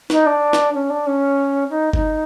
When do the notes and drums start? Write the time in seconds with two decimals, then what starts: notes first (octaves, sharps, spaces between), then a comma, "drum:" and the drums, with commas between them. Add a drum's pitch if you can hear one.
0.10 D#4, drum: snare
0.26 D4
0.53 drum: snare
0.74 C#4
0.90 D4
1.06 C#4
1.70 D#4
1.93 D#4, drum: kick G1